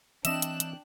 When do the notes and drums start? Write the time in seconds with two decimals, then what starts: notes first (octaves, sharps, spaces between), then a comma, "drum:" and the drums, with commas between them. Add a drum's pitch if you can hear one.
0.25 E3 C4 D4 D#5 E5 G5 F#6 E7, drum: hi-hat
0.42 drum: hi-hat
0.60 drum: hi-hat